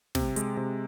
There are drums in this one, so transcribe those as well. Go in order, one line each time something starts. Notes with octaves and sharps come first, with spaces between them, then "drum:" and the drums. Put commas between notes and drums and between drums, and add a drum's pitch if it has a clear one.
C3, drum: snare
G#3, drum: hi-hat
C3